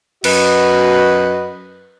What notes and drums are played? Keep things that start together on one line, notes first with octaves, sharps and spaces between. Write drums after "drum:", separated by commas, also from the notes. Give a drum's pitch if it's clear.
F#2 F#4 B4 D#5, drum: cymbal